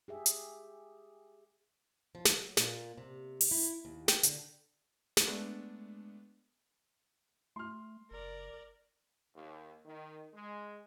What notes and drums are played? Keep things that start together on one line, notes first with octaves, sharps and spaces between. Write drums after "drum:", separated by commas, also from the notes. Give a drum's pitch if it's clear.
G4 G#4 E5
drum: hi-hat
F3
drum: snare
F#3
A#2, drum: snare
C3
drum: open hi-hat
E4
D#2
G5, drum: snare
D3, drum: hi-hat
drum: snare
G#3 A3 B3 D4
A3 C6 F6
F#1 A#4 D5
D#2
D#3
G#3